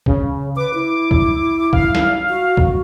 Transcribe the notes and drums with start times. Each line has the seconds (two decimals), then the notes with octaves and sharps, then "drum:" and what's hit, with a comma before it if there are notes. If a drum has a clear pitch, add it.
0.06 C#3, drum: kick
0.57 B4 D6
0.74 E4
1.11 drum: kick
1.73 F5, drum: kick
1.95 drum: snare
2.29 F#4
2.57 drum: kick